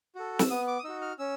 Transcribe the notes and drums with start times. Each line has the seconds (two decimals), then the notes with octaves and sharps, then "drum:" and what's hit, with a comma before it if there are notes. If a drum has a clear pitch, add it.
0.15 F#4 A4
0.39 E6, drum: snare
0.50 B3 D#6
0.67 D6
0.79 D#6
0.84 D#4 F#4 E6
1.02 F6
1.19 C#4 E6